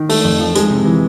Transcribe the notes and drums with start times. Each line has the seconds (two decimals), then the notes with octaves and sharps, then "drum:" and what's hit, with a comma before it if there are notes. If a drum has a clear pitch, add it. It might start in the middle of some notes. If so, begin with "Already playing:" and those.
Already playing: D#3
0.09 A3, drum: open hi-hat
0.25 F2
0.40 F3
0.55 G#3, drum: hi-hat
0.71 C3
0.85 E3